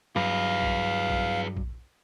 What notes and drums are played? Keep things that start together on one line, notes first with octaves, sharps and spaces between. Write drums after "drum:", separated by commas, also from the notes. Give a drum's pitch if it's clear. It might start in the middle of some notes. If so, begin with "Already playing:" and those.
G2 F#3 G#4 B4 F5
drum: kick A#1
drum: kick A#1
drum: kick A#1